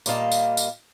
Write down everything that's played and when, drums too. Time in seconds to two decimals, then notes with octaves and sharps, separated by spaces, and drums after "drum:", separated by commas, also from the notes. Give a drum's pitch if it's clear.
0.06 A#2 G3 A#3 D#5 F5 A5, drum: tambourine
0.32 drum: tambourine
0.57 drum: tambourine